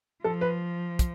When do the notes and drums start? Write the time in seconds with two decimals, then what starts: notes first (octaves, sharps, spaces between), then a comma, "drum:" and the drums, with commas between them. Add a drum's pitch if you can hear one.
0.24 F3 A4
0.41 B4
0.99 drum: kick, hi-hat